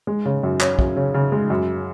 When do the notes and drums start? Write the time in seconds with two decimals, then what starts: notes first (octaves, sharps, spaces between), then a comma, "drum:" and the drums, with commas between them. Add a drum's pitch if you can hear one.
0.07 G#3
0.25 C#3
0.43 F#2
0.61 C#4, drum: clap
0.79 F#2, drum: kick
0.97 C#3
1.14 C#3
1.32 G#3
1.50 F#2